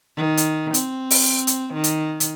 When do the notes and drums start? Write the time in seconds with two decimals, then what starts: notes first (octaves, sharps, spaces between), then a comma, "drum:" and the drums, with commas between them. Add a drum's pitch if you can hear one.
0.17 D#3
0.37 drum: hi-hat
0.74 C4, drum: hi-hat
1.11 drum: open hi-hat
1.47 drum: hi-hat
1.73 D#3
1.84 drum: hi-hat
2.20 drum: hi-hat